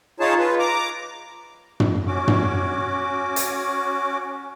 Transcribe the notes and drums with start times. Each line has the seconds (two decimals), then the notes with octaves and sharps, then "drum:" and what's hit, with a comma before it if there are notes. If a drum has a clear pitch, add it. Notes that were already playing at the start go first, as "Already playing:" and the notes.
0.20 D#4 F4 G#4 C#5 A5
0.38 F4 B4
0.59 A#5 D6
1.80 drum: tom
2.07 C#4 F#4 D6
2.28 drum: tom
3.36 drum: hi-hat